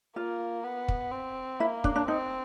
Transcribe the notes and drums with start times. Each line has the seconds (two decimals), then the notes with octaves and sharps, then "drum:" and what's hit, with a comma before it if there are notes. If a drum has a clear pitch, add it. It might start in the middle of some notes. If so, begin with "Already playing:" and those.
0.16 A#3 F4
0.65 B3
0.88 drum: kick
1.12 C4
1.60 A#3 E4
1.84 D4, drum: kick
1.96 D4
2.08 C4 D#4